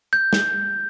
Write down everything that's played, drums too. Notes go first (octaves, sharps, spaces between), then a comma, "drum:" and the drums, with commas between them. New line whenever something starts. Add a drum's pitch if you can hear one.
G6
drum: snare